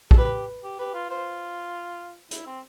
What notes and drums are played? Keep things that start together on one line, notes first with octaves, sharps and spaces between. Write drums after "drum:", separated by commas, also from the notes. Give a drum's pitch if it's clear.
A4, drum: kick A#1
G4 B4
G4
G4 B4
F4
F4 C5
E4, drum: hi-hat
C4